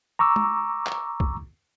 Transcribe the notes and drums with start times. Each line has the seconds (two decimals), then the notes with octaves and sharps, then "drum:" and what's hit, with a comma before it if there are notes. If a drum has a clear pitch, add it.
0.19 A#5 C#6 D6 E6
0.36 drum: tom
0.86 drum: clap
1.20 drum: kick